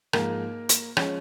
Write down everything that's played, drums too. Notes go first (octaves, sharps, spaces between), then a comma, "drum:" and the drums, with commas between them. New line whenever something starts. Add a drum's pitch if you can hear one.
G#2 F3 G#3 A#3 A#4, drum: rim click
drum: hi-hat
F3 G#3 C#4 C#5, drum: rim click